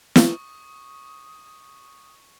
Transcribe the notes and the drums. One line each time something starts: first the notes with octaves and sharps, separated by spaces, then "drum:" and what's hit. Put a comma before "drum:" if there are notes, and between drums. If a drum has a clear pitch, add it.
C#6 D#6, drum: snare